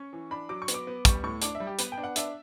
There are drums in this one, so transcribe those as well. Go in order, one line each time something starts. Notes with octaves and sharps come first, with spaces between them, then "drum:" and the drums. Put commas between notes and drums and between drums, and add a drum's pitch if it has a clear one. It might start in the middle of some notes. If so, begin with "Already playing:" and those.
Already playing: C#4 C#6
E3
D4 B5
F#3 D6
C#6
B3, drum: hi-hat
D6
B3
G3 C#6, drum: kick, hi-hat
A2 C#6
D4 D6, drum: hi-hat
E5
G3
G4
B3 B4, drum: hi-hat
G5
D4
F#5
D4 E5, drum: hi-hat